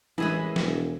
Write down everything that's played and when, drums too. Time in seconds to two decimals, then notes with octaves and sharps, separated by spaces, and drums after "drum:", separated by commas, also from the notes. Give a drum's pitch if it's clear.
0.18 A1 E3 G#3 E4 G#4 A#4 B4
0.56 E1, drum: snare